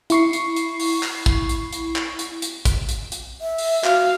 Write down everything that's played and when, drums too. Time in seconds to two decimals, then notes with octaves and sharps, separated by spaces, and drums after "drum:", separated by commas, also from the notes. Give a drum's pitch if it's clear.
0.10 E4 C#6 C7, drum: hi-hat
0.33 drum: hi-hat
0.56 drum: hi-hat
0.80 drum: open hi-hat
1.03 drum: clap
1.26 drum: kick, hi-hat
1.49 drum: hi-hat
1.73 drum: hi-hat
1.96 drum: clap
2.19 drum: hi-hat
2.42 drum: hi-hat
2.65 drum: kick, hi-hat
2.89 drum: hi-hat
3.12 drum: hi-hat
3.41 E5
3.58 drum: open hi-hat
3.84 F#4 F5, drum: clap